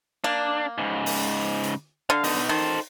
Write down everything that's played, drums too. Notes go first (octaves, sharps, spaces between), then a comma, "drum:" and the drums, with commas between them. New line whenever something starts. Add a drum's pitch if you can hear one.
A#3 D4
G#2 C#3
drum: open hi-hat
drum: hi-hat
D3 F5
B2 D#4, drum: open hi-hat
D#3 A4 C5